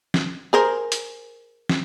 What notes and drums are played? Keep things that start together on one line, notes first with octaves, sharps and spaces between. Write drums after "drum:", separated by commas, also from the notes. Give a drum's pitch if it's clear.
drum: snare
G#4 A#4 C5
drum: hi-hat
drum: snare